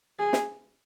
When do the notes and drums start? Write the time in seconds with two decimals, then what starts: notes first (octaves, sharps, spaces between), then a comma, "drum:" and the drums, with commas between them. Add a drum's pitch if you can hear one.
0.19 G#4
0.33 drum: snare